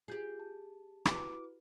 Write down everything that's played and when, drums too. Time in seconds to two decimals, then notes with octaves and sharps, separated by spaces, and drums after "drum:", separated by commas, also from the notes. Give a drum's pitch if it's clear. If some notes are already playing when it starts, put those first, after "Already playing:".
0.08 F4 G4 G#4 G6
0.40 A5
1.05 E4 F#4 B4 D6, drum: rim click